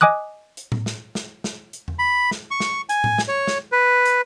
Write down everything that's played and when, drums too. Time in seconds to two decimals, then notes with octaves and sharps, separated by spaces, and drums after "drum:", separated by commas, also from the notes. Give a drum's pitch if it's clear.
0.01 D#5 G#5 D6 D#6 F#6
0.57 drum: hi-hat
0.72 drum: tom A2
0.86 drum: snare
1.15 drum: snare
1.44 drum: snare
1.73 drum: hi-hat
1.88 drum: tom E2
1.99 B5
2.31 drum: snare
2.51 C#6
2.60 drum: snare
2.89 G#5, drum: hi-hat
3.04 drum: tom A2
3.18 drum: snare
3.28 C#5
3.47 drum: snare
3.72 B4
4.06 drum: hi-hat